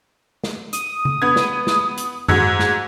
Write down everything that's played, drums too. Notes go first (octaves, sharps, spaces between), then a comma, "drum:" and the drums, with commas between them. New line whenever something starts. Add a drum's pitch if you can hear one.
drum: snare
D#6, drum: hi-hat
drum: tom C#3
B3 G#6
drum: snare
drum: snare
drum: hi-hat
G#2 F#4 E6 G#6, drum: tom F#2
drum: snare